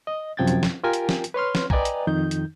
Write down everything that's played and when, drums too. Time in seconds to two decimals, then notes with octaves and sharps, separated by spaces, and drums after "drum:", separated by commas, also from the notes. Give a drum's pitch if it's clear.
0.07 D#5
0.37 F#2 C3 F3 G5 G#6 A6
0.48 drum: hi-hat
0.63 drum: snare
0.84 F4 G4 A#4 G5 G#5
0.93 drum: hi-hat
1.09 drum: snare
1.24 drum: hi-hat
1.34 B4 C#5 C6 F6
1.55 drum: snare
1.70 B4 D5 D#5 G5 G#5 A#5, drum: kick
1.85 drum: hi-hat
2.07 F2 D#3 D#4 G6
2.31 drum: hi-hat